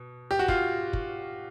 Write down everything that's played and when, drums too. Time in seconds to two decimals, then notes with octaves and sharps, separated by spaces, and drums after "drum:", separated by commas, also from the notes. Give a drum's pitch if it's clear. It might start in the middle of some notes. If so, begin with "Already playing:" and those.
Already playing: B2
0.31 G4
0.39 F#4
0.48 F4, drum: kick
0.93 drum: kick